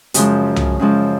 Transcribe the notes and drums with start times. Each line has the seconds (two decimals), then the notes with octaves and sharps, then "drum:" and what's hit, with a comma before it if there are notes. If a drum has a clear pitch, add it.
0.14 F#2 C#3 F3 G#3, drum: hi-hat
0.56 drum: tom C2
0.79 F#2 C#3 F3 G#3